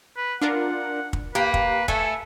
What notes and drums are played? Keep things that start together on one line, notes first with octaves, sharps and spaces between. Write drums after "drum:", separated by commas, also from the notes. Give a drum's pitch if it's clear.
B4
D4 F4 A#4 F#5
drum: kick
A#3 G4 B4
drum: kick
A3 A4 G#5, drum: kick